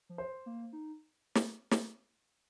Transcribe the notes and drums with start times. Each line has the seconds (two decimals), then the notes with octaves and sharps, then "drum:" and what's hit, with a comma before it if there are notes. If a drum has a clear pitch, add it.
0.09 F3
0.18 C5
0.46 A#3
0.73 D#4
1.35 drum: snare
1.71 drum: snare